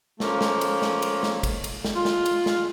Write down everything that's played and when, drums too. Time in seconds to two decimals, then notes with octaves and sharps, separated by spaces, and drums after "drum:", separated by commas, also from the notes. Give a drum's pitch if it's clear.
0.20 F3 A3 A#3 C#4, drum: snare
0.41 drum: snare
0.61 drum: cymbal
0.82 drum: snare
1.02 drum: cymbal
1.23 drum: snare
1.43 drum: kick, cymbal
1.64 drum: cymbal
1.84 drum: snare
1.95 F4
2.05 drum: snare
2.26 drum: cymbal
2.46 drum: snare